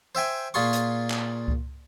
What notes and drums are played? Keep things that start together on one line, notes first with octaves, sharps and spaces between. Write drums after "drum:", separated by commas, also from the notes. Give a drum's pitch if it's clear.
C5 E5 G5 G#5
A#2 F4 G#4 C6 C#6
drum: hi-hat
drum: clap
drum: kick C#2